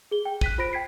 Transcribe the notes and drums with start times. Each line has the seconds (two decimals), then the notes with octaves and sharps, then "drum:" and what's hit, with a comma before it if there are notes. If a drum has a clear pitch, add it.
0.11 G#4 G7
0.25 G5
0.41 F#6 B6 D#7, drum: kick
0.58 F4 C5 B5 A#6 D7
0.73 G5 G#6 B6 C7